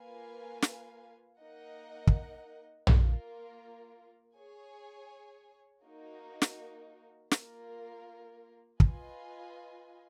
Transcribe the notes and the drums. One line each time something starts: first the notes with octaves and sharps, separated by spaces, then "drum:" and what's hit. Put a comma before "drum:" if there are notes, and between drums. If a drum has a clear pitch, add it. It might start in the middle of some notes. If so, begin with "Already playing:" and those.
Already playing: A#3 F4 B4 F5 G#5
drum: snare
A#3 D#4 A#4 D#5 F#5
drum: kick
A#3 F4 A#4, drum: tom A#1
G#4 C#5 G#5
A#3 D#4 F#4 A#4
drum: snare
A#3 F4 A#4, drum: snare
F4 B4 D#5 G#5, drum: kick